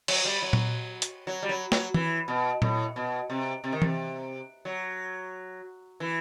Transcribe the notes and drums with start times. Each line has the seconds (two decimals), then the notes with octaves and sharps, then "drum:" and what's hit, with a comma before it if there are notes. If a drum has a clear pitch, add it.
0.08 F#3, drum: cymbal
0.25 G3
0.42 F#3
0.53 drum: tom A#2
1.02 drum: hi-hat
1.27 F#3
1.42 G3
1.49 F#3
1.72 F#3, drum: snare
1.94 E3, drum: tom E3
2.28 B2
2.62 A2, drum: tom A#2
2.96 B2
3.30 C3
3.64 C3
3.73 D#3
3.82 C3, drum: tom E3
4.65 F#3
6.00 E3